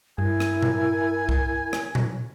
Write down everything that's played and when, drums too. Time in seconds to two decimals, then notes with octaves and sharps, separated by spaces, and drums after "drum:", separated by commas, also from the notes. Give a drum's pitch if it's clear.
0.18 G2 E4 A#4 G#5
0.40 drum: rim click
0.62 drum: tom A#2
1.29 drum: kick C2
1.73 drum: rim click
1.95 drum: tom A#2